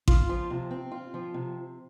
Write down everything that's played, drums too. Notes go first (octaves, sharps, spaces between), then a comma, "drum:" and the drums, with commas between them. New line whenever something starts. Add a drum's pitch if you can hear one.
F4, drum: kick A1
F3
C3
C4
F4
F3
C3